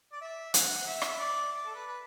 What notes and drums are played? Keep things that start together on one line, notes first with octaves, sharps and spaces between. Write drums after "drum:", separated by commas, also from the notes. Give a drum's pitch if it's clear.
D5
E5
F#5, drum: hi-hat
E5
drum: rim click
D5
D5
A4
B4
B4